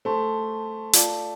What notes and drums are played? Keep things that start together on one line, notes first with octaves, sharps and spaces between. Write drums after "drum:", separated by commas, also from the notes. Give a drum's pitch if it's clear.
A3 C5 A5 C6
F4 D5 F5 A5 D6, drum: hi-hat